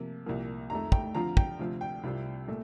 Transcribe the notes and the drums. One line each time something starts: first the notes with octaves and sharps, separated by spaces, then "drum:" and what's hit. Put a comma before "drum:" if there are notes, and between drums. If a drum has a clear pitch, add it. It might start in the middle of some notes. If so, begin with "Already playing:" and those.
Already playing: C3 F3 A#3
C2 A#2 F3 A#3
F2 D#3 A3 A#5
G5, drum: kick
D3 F3 C4 F4 A#5
G5, drum: kick
D2 C3 F3 C4 F4
G5
C2 C3 G3 C4 F4
A#2 A3